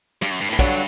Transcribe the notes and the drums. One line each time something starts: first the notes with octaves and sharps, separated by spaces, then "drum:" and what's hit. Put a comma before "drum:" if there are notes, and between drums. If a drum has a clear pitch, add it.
G2, drum: snare
F#2
G2
A2 E3
G2 D3 F#3, drum: kick